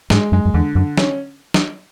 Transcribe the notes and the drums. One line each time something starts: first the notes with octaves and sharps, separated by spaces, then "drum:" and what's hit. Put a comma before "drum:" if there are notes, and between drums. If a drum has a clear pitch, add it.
G#2 G#3, drum: snare
F#2 G#3
F#2
E2 D3
F#2 D3
C#4, drum: snare
drum: snare